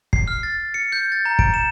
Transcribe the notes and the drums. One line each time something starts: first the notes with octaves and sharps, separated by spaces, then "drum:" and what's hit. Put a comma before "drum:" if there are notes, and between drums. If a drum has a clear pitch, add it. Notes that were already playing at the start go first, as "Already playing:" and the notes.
C7, drum: kick
F6
A6
C#7
G6
A6
A#5
D7, drum: kick
E7